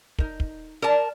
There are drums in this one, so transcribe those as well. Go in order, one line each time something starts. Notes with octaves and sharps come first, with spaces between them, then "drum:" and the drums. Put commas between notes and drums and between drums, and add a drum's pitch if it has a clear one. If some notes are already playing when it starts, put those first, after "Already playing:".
D#4 A#4, drum: kick
drum: kick
A#4 D5 A5